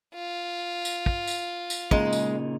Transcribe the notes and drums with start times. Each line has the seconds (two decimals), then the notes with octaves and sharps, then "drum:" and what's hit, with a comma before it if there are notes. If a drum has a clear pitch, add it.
0.15 F4
0.85 drum: tambourine
1.06 drum: kick
1.28 drum: tambourine
1.70 drum: tambourine
1.91 A#2 C#3 G#3 D#4, drum: kick
2.13 drum: tambourine